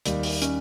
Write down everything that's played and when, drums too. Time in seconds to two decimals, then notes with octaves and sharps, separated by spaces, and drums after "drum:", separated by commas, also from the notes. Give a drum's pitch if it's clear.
0.05 D#2 D#3 G3, drum: hi-hat
0.23 drum: open hi-hat
0.42 C#4, drum: hi-hat